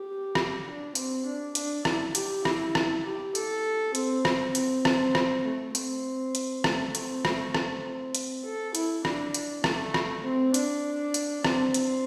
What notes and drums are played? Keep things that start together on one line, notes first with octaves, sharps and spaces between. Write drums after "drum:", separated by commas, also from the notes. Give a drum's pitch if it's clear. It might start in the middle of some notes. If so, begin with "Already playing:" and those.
Already playing: G4
drum: rim click
D4
C4, drum: hi-hat
D4
D4, drum: hi-hat
E4, drum: rim click
G4, drum: hi-hat
E4, drum: rim click
drum: rim click
G4
A4, drum: hi-hat
C4, drum: hi-hat
drum: rim click
C4, drum: hi-hat
C4, drum: rim click
drum: rim click
A3
C4, drum: hi-hat
drum: hi-hat
A3, drum: rim click
C4, drum: hi-hat
A3, drum: rim click
C4, drum: rim click
drum: hi-hat
A4
E4, drum: hi-hat
D4, drum: rim click
drum: hi-hat
A3, drum: rim click
drum: rim click
C4
D4, drum: hi-hat
drum: hi-hat
C4, drum: rim click
C4, drum: hi-hat